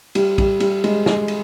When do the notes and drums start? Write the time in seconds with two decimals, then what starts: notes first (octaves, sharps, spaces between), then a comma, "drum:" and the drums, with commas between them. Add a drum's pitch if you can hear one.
0.15 G3, drum: cymbal
0.38 G3, drum: kick, cymbal
0.60 G3, drum: cymbal
0.84 G#3, drum: cymbal
1.06 G#3, drum: snare
1.28 drum: cymbal